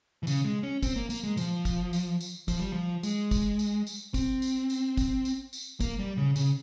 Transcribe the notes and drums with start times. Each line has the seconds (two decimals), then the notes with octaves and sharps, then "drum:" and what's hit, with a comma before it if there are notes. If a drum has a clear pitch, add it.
0.23 E3
0.27 C#3, drum: tambourine
0.45 G#3
0.63 C#4
0.83 C4, drum: kick, tambourine
0.96 A#3
1.10 A#3, drum: tambourine
1.24 G#3
1.37 F3, drum: tambourine
1.65 drum: kick, tambourine
1.93 drum: tambourine
2.21 drum: tambourine
2.48 F3, drum: kick, tambourine
2.60 G3
2.72 F3
3.03 G#3, drum: tambourine
3.31 drum: kick, tambourine
3.59 drum: tambourine
3.87 drum: tambourine
4.14 C4, drum: kick, tambourine
4.42 drum: tambourine
4.70 drum: tambourine
4.97 drum: kick, tambourine
5.25 drum: tambourine
5.53 drum: tambourine
5.81 A#3, drum: kick, tambourine
5.99 G3
6.17 C#3
6.36 C#3, drum: tambourine